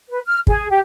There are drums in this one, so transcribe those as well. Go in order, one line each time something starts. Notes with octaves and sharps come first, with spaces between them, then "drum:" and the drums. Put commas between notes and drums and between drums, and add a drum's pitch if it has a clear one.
B4
F6
G#4, drum: kick
G4